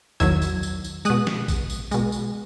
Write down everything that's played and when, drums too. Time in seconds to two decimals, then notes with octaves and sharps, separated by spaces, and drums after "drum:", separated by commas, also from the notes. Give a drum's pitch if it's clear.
0.20 E2 D#3 F#3 E6 G#6, drum: kick A#1, tambourine
0.42 drum: tambourine
0.63 drum: tambourine
0.84 drum: tambourine
1.05 B2 G#3 D#6 F#6, drum: tambourine
1.27 drum: snare
1.48 drum: kick A#1, tambourine
1.70 drum: tambourine
1.91 B2 G#3, drum: tambourine
2.12 drum: tambourine